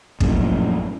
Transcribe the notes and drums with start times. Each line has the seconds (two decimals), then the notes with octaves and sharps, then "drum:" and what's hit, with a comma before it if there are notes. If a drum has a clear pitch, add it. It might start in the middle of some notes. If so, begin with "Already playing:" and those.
0.20 A#1 F#2 A2, drum: kick